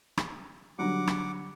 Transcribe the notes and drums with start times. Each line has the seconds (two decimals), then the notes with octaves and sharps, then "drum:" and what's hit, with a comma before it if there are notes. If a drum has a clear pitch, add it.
0.17 drum: rim click
0.79 D3 F#3 G3 F#5 D6
1.07 drum: rim click